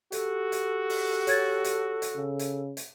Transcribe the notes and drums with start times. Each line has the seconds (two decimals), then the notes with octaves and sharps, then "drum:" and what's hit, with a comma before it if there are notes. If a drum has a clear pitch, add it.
0.12 F#4 G4 A4, drum: hi-hat
0.52 drum: hi-hat
0.90 drum: open hi-hat
1.27 C#5 G#6 A6, drum: hi-hat
1.64 drum: hi-hat
2.02 drum: hi-hat
2.15 C#3
2.39 drum: hi-hat
2.77 drum: hi-hat